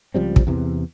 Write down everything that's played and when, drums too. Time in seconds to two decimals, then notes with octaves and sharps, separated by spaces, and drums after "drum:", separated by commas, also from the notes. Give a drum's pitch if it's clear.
0.14 C#2 F3 G3 C4
0.36 drum: kick
0.47 E2 C3 E3